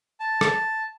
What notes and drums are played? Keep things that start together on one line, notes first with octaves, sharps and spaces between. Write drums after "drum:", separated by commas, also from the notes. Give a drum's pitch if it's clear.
A5
drum: rim click